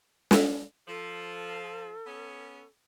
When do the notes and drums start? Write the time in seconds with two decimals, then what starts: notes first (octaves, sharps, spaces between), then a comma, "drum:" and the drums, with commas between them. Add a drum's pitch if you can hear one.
0.31 drum: snare
0.88 F3 A4
2.06 B3 C#4